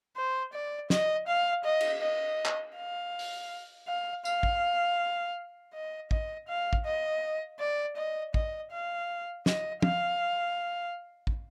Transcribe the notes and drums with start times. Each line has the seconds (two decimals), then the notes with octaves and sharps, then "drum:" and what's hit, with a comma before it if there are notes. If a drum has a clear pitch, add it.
0.16 C5
0.53 D5
0.90 D#5, drum: snare
1.27 F5
1.65 D#5
1.81 drum: cymbal
2.02 D#5
2.46 drum: clap
2.77 F5
3.19 drum: open hi-hat
3.88 F5
4.25 F5, drum: tambourine
4.43 drum: kick
5.74 D#5
6.11 D#5, drum: kick
6.48 F5
6.73 drum: kick
6.85 D#5
7.60 D5
7.97 D#5
8.34 D#5, drum: kick
8.71 F5
9.46 D#5, drum: snare
9.82 F5, drum: tom
11.27 drum: kick